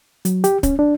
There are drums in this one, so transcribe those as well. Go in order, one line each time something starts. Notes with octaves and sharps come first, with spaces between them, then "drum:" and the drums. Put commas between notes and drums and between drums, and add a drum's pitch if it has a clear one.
F#3, drum: hi-hat
G4, drum: hi-hat
C#4, drum: kick D1, hi-hat
D4